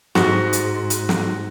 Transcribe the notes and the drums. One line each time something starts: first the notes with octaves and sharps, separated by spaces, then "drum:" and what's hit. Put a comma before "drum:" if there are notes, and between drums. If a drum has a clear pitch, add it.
G#2 F#4, drum: snare
drum: hi-hat
drum: hi-hat
drum: snare